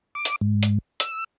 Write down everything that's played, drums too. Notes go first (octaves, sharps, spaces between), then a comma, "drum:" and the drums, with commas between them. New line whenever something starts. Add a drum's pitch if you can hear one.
D6
drum: hi-hat
G#2
drum: hi-hat
E6, drum: hi-hat